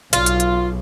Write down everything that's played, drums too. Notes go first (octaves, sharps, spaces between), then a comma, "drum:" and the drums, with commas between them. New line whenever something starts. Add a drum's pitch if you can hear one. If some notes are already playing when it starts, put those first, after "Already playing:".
B1 F4, drum: hi-hat
drum: hi-hat
drum: hi-hat